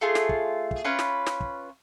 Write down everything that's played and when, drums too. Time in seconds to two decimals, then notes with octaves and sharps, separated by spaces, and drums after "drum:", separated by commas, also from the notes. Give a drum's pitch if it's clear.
0.01 A3 F4 G#4
0.15 drum: snare
0.29 drum: kick
0.71 drum: kick
0.84 C#4 F4 B4
0.99 drum: snare
1.27 drum: snare
1.40 drum: kick